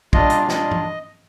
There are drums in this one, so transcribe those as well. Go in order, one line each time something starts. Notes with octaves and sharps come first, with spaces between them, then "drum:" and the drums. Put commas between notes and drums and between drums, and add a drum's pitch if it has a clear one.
A#2 G3 D4 F4 D#5, drum: kick
drum: hi-hat
A#2 G3 D4 F4 D#5, drum: snare
drum: tom G#2